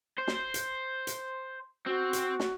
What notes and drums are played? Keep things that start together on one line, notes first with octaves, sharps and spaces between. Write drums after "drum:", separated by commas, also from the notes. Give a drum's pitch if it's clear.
C5
drum: snare
drum: hi-hat
drum: hi-hat
C4 F#4
drum: hi-hat
drum: snare